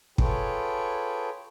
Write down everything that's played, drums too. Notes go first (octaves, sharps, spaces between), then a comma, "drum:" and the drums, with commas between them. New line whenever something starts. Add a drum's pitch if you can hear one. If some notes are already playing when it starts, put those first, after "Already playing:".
F4 G#4 A4 B4 C#5 G5, drum: kick